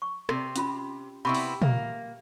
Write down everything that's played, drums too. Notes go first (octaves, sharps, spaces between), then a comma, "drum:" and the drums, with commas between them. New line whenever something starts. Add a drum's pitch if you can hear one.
C#6
C3, drum: rim click
C#4 F4 B5, drum: hi-hat
C3 B3 E4 B5 C#6
drum: open hi-hat
A#3 E5, drum: tom